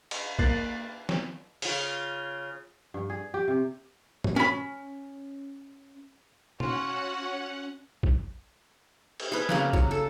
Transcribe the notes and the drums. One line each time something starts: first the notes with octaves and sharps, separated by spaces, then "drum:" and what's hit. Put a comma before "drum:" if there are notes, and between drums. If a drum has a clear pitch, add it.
drum: cymbal
A#3 F#6 A6 C7, drum: kick A#1
drum: snare
C#3 F4, drum: open hi-hat
G2
G#4
G4
C3
drum: tom
C#4 B5
C#4 F4 F#4 F#5, drum: tom
drum: kick A#1
drum: cymbal
G#4 B4
C#3 A#3 F#4, drum: snare
F#3, drum: kick A#1
A4